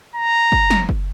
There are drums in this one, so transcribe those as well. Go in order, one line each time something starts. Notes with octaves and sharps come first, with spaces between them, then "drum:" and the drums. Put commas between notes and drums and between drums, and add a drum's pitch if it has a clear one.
A#5
drum: kick
drum: snare
drum: kick